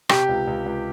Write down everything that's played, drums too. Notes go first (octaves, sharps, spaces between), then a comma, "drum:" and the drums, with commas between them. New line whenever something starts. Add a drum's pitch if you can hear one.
C3 G4 G5, drum: rim click
C#2
C#2
C#2